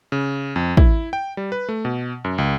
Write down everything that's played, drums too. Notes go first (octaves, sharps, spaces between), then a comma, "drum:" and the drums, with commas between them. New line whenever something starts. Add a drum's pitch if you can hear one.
C#3
F2
E4, drum: kick
G5
G3
B4
A3
B2
F#2
C#2